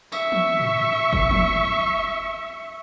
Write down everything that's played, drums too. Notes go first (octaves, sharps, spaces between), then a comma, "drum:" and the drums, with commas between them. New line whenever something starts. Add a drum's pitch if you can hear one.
E5 C#6, drum: tambourine
drum: tom
drum: tom
drum: kick F#1
drum: tom